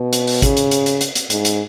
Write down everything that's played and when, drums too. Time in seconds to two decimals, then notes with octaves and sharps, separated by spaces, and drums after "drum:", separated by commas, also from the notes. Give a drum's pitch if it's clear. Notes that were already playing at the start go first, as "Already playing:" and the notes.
Already playing: B2
0.13 drum: hi-hat
0.27 drum: open hi-hat
0.42 C#3, drum: kick, hi-hat
0.57 drum: hi-hat
0.71 drum: hi-hat
0.86 drum: hi-hat
1.01 drum: hi-hat
1.15 drum: hi-hat
1.30 G#2, drum: hi-hat
1.45 drum: hi-hat